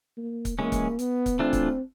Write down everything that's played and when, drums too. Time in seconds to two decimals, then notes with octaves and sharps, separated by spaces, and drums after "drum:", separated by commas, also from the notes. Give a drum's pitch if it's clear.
0.17 A#3
0.45 drum: kick C#1, hi-hat
0.59 E3 G#3 A#3 C#4
0.72 drum: kick C#1, hi-hat
0.99 B3, drum: hi-hat
1.26 drum: kick C#1, hi-hat
1.39 E3 A3 C4 D4 F4
1.53 drum: kick C#1, hi-hat